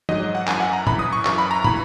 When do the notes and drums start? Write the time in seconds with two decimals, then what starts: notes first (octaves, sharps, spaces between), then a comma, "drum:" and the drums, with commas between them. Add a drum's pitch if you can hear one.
0.09 G#2 F#3 D#5, drum: tom
0.35 F#5
0.48 F#2 E3 G#5, drum: clap
0.60 F#5
0.73 A#5
0.87 F#2 E3 B5, drum: tom
0.99 D#6
1.13 C#6
1.25 F#2 E3 C#6, drum: clap
1.38 B5
1.51 A#5
1.64 E3 B5, drum: tom